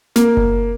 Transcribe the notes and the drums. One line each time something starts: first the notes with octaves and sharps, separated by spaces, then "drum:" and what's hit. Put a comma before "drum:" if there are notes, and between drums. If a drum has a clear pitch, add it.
A#3, drum: snare
drum: kick F#1